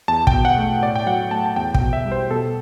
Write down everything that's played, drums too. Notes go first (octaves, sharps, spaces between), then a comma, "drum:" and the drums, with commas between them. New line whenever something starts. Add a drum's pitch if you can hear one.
E2 A5
G5, drum: kick
B2
F#5
A3
A2 D5
G5
F#3 F#5
A3 A5
A5
E2 G5
G5, drum: kick
B2
E5
G3
C5
B2 A4